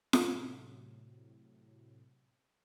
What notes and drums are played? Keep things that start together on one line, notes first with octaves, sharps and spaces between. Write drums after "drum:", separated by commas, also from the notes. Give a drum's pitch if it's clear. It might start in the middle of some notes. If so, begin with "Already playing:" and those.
A2 C3 F#3, drum: snare F4